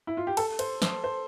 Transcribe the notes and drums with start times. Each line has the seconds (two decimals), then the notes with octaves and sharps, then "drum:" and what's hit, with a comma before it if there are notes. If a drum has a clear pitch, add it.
0.07 E4
0.17 F4
0.27 G4
0.37 A4, drum: cymbal
0.59 C5, drum: cymbal
0.82 C5, drum: snare
1.04 C5